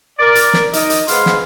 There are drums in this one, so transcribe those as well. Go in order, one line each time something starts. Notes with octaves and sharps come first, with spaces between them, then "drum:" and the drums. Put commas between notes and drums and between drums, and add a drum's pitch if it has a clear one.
A#4 D5
drum: hi-hat
drum: snare
D#4 A#4 D#5, drum: hi-hat
drum: hi-hat
G#2 G#4 B4 F5 F#5 C6, drum: hi-hat
drum: snare